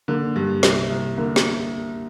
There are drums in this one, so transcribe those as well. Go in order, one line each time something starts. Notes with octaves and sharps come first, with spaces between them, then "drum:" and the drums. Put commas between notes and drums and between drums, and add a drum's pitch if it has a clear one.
D3 A#3
G2
C2, drum: snare
C2
D3 A#3
drum: snare